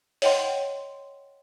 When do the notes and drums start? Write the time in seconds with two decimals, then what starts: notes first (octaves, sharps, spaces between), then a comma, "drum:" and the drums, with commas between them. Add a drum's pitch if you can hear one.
0.22 C#5 D#5 F#5 G5 C6, drum: open hi-hat